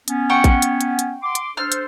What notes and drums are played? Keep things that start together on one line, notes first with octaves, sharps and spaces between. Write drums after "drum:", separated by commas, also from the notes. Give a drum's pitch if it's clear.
B3 C#4, drum: hi-hat
F#5 G5 C#6
drum: kick, hi-hat
drum: hi-hat
drum: hi-hat
drum: hi-hat
C6 D6
drum: hi-hat
D4 A4 C5 F6
drum: hi-hat